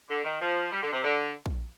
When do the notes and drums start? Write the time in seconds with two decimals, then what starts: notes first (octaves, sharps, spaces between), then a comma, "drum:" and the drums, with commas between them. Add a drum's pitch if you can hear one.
0.10 D3
0.24 D#3
0.41 F3
0.72 G3
0.83 D3
0.93 C3
1.04 D3
1.46 drum: kick